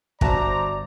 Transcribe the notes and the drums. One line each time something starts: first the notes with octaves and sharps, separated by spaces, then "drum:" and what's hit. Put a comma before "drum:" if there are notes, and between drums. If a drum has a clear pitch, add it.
G1 F#4 C5 D5 E5 A5 A#5, drum: kick